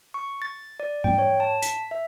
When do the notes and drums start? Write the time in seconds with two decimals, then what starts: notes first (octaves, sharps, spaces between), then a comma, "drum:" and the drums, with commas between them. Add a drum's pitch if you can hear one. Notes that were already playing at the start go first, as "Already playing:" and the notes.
0.14 C#6
0.42 A6
0.80 D5
1.04 G5, drum: tom G#2
1.18 C#5
1.40 A5
1.62 B6, drum: hi-hat
1.91 E5